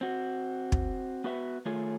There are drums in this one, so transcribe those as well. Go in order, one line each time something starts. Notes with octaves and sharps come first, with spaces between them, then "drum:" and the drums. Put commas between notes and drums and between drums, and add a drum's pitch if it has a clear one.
C4 F#4
drum: kick
B3 F#4 B4 E5
D#3 A3 F4 G#4 A4 C#5